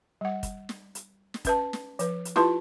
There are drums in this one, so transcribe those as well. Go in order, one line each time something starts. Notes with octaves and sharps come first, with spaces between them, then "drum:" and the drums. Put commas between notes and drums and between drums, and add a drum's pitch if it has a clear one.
G3 F#5
drum: kick, hi-hat
drum: snare
drum: hi-hat
drum: snare
C#4 B4 A5, drum: kick, hi-hat
drum: snare
F3 B4, drum: hi-hat
drum: hi-hat
E4 F4 G4 B4 A5 C6, drum: snare